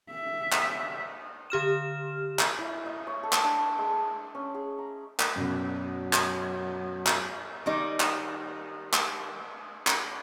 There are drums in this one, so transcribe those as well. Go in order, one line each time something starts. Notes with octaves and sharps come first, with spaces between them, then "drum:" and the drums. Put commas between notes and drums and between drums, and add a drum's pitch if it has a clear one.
E5
drum: clap
D3 G4 F6 E7
drum: clap
E4
D#5
C#5
A4
drum: clap
D4
G#3
C#4
G#4
A#5
drum: clap
F#2 B2 F#3
drum: clap
drum: clap
D#3 G3 D#4
drum: clap
drum: clap
drum: clap